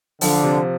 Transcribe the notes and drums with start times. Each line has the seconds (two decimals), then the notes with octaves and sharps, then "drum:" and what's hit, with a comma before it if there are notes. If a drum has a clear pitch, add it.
0.21 D3 F3, drum: open hi-hat
0.43 C3